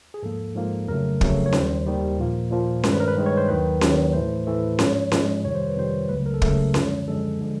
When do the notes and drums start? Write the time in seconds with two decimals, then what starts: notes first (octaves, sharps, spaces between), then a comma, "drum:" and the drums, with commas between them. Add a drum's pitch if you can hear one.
0.14 G#4
0.23 G#2 F3 A#3 A4
0.55 G#2 F3 A#3
0.88 F2 C#3 F#3 A3 A#4
1.21 F2 C#3 F#3 A3, drum: kick
1.46 C#5
1.53 D#2 D#3 G3 C5, drum: snare C#4
1.86 D#2 D#3 G3
2.19 A#2 F3 A#3
2.50 A#2 F3 A#3
2.84 G2 D#3 G#3 C5, drum: snare C#4
2.92 B4
3.00 A#4
3.08 B4
3.16 G2 D#3 G#3
3.26 C#5
3.37 C5
3.48 D#2 D#3 F#3 B4
3.81 D#2 D#3 F#3, drum: snare C#4
4.13 A2 E3 A3 C5
4.47 A2 E3 A3
4.79 G#2 F3 G#3 C#5, drum: snare C#4
5.12 G#2 F3 G#3, drum: snare C#4
5.44 F2 C3 D#3 G3 C#5
5.55 C5
5.68 B4
5.77 F2 C3 D#3 G3 C5
6.09 C#2 C#3 F#3 A3 B4
6.26 A#4
6.34 A4
6.42 C#2 C#3 F#3 A3 A#4, drum: kick
6.74 F#2 D3 F3 G#3, drum: snare C#4
7.08 F#2 D3 F3 G#3 A4
7.41 D3 F3 G#3